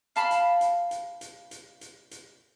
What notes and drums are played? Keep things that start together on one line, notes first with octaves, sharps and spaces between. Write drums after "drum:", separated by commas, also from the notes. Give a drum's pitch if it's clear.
F5 A5 B5 C6
drum: hi-hat
drum: hi-hat
drum: hi-hat
drum: hi-hat
drum: hi-hat
drum: hi-hat
drum: hi-hat